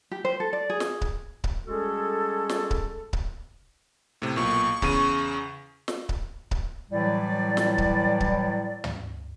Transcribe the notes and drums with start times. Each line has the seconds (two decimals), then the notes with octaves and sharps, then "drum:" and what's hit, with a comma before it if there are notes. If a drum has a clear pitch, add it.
0.11 G4
0.25 C5
0.40 A4
0.53 D5
0.70 G#4
0.80 drum: snare
1.01 drum: kick C#1
1.44 drum: kick C#1
1.67 G3 G#3 C#4 F#4 G#4 A4
2.49 drum: snare
2.71 drum: kick C#1
3.13 drum: kick C#1
4.22 A2 C3
4.36 B1 A#2 C#6
4.82 E2 C#3 D#7, drum: kick C#1
5.88 drum: snare
6.09 drum: kick C#1
6.51 drum: kick C#1
6.91 A2 E3 F#3 G3 E4 D5
7.57 drum: snare
7.78 drum: kick C#1
8.20 drum: kick C#1
8.84 drum: tom